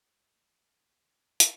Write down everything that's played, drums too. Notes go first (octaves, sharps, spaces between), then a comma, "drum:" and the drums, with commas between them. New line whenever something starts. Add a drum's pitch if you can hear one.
G#3
F#2
A#3
F3
E2
B1
C#2
D2
F#2
F#2, drum: hi-hat